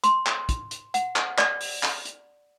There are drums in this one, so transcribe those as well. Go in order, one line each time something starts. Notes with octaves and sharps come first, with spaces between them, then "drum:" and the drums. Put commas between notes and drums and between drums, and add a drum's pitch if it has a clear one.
C6, drum: hi-hat
drum: clap
drum: kick, hi-hat
drum: hi-hat
F#5, drum: hi-hat
drum: clap
D5, drum: clap
drum: open hi-hat
drum: clap
drum: hi-hat